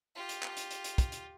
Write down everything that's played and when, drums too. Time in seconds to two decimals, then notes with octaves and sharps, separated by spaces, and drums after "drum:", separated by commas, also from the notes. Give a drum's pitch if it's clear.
0.15 F4 G4
0.29 drum: hi-hat
0.43 drum: clap
0.57 drum: hi-hat
0.71 drum: hi-hat
0.84 drum: hi-hat
0.98 drum: kick, hi-hat
1.12 drum: hi-hat